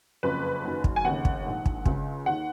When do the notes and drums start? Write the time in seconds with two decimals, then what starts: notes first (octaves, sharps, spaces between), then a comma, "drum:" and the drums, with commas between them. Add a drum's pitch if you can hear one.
0.23 F#1 F2 C#3 B4
0.64 F#1 F#2 D#3
0.84 drum: kick
0.96 G#5
1.04 F1 D#2 C#3 F#5
1.25 drum: kick
1.45 A#1 G#2 D#3
1.66 drum: kick
1.85 C#2 C#3, drum: kick
2.26 D#2 D#3 F#5